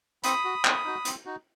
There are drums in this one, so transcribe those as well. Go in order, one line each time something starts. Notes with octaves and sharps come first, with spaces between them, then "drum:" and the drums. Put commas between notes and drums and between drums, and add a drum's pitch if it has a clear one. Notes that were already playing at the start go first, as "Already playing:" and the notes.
C4 B5 D#6, drum: hi-hat
F#4
C4, drum: clap
D#4 F#4
C4, drum: hi-hat
D#4 F#4